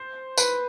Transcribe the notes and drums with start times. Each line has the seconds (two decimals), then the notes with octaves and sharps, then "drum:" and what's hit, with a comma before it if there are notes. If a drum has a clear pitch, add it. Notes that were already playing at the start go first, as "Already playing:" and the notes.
Already playing: C5
0.38 B4, drum: tambourine